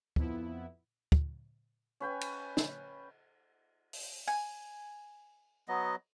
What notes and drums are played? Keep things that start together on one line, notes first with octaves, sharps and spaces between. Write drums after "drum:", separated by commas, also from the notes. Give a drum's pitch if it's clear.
F2 B3 E4, drum: kick
drum: kick
C#4 B4 G5 G#5
drum: cymbal
drum: snare
drum: open hi-hat
G#5
F#3 B3 D#5